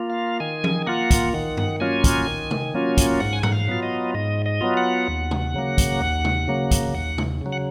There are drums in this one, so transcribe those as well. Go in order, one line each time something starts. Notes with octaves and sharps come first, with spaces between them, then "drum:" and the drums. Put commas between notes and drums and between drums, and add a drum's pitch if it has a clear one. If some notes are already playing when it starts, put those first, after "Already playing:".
Already playing: A#3 F4
F5
D#3 G#5
drum: tom F3
A#3 F4 F#5
drum: kick, hi-hat
D#3 F#5
drum: tom G2
F#3 A#3 C#4 F4 G#5
drum: kick, hi-hat
D#3
drum: tom
F#3 A#3 C#4 F4
drum: kick, hi-hat
G#2 F#5
G#5
F#5, drum: tom G#2
F5
F#3 B3 F4
D#5
G#2 D#5
D#5
F#3 B3 F4
F#5
D#2
drum: tom
C#3 F#3 A#3
drum: kick, hi-hat
D#2
drum: tom
C#3 F#3 A#3
drum: kick, hi-hat
D#2 F#5
drum: tom
C#3 F#3
F#5